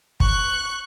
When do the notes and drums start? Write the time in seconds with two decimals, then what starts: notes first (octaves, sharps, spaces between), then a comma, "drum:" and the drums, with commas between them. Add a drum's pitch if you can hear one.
0.20 C#6 F#6, drum: kick